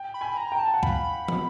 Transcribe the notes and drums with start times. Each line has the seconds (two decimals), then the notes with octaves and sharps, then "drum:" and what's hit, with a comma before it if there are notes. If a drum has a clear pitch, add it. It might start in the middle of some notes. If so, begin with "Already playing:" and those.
Already playing: G5
0.14 B5
0.21 G#5
0.37 A#5
0.52 G5
0.59 A5
0.74 F#5
0.83 F5 B5, drum: kick
1.28 drum: tom